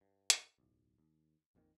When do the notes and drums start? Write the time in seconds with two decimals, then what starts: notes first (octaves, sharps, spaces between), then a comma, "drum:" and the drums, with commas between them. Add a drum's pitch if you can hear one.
0.01 G2
0.30 drum: hi-hat
0.58 D1 B1
0.98 D#2
1.55 A#1 F2 A#2 D#3